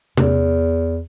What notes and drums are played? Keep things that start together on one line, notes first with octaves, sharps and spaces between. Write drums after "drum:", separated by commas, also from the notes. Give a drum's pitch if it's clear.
E2, drum: tom C3